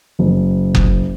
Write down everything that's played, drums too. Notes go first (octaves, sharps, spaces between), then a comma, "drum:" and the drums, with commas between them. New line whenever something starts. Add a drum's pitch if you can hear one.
F#1
drum: kick F#1